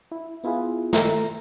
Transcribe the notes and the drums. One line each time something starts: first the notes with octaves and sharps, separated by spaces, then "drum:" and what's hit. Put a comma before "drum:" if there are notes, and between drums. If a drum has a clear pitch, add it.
E4
B3 E4 F4 G#4 B4
A#5, drum: snare